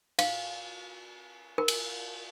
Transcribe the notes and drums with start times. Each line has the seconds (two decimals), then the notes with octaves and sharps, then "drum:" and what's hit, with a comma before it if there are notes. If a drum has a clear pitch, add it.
0.19 F5, drum: cymbal
1.58 A#4
1.68 drum: cymbal